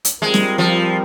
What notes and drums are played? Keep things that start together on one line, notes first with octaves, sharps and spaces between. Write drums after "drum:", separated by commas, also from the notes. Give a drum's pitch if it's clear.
drum: hi-hat
G3 G#3 C4 F4 A#4
drum: snare
F3